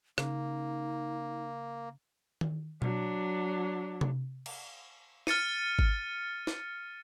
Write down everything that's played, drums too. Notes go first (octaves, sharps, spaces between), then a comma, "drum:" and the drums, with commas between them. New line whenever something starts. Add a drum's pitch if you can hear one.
C#3 A#3 D#4, drum: rim click
drum: tom D#3
F#3 D4, drum: tom B2
drum: tom C3
drum: cymbal
F6 A6 C#7 D#7, drum: snare
drum: kick G#1
drum: snare